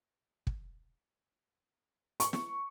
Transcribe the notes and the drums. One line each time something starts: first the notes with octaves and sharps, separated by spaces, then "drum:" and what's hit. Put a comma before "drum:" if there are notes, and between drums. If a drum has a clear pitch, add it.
drum: kick
C#6, drum: hi-hat
drum: snare